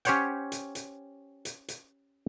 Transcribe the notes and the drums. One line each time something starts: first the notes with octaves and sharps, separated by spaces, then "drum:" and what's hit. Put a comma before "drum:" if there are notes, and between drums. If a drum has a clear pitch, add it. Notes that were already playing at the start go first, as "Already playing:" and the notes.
C#4 G4 C5 C#5 F#5 G5, drum: hi-hat
drum: hi-hat
drum: hi-hat
drum: hi-hat
drum: hi-hat